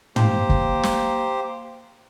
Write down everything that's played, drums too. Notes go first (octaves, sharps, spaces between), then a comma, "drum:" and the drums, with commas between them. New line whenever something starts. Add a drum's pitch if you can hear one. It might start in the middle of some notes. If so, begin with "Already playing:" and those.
A#3 G4 C5, drum: tom
drum: kick
drum: snare